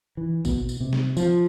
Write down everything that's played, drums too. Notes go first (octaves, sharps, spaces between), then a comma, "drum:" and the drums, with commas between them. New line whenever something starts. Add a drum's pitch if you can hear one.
E3
B2, drum: kick, tambourine
drum: tambourine
C3
drum: snare
F3, drum: tambourine